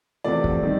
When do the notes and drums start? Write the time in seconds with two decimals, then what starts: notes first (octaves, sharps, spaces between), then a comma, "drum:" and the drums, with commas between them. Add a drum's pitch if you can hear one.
0.24 E2 C3 F3 A3 D5
0.44 drum: kick
0.63 C3 D#3 G3